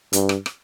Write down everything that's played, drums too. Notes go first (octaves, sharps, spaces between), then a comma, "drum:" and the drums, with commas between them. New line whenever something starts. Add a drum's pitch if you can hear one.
G2, drum: hi-hat
drum: rim click
drum: rim click